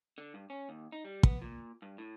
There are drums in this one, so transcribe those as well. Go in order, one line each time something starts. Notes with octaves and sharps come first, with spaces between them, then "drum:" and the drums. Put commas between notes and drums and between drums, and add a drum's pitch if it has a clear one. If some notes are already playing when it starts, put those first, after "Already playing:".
D3
G2
C#4
D#2
D#4
G3
B3, drum: kick
A#2
G2
A2